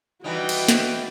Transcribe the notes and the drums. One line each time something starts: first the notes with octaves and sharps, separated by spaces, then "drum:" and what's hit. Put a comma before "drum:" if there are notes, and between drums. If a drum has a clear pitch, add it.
E3 G3 D#4 F#4 B4 G5
drum: cymbal
drum: snare